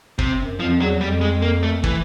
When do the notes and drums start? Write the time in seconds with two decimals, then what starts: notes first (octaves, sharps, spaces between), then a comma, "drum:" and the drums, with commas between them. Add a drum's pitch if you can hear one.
0.19 C3, drum: kick
0.39 F#2
0.60 F2 F3
0.80 E2 F#3
1.01 F2 G3
1.21 G#3
1.42 A#3
1.63 A3
1.84 E3, drum: kick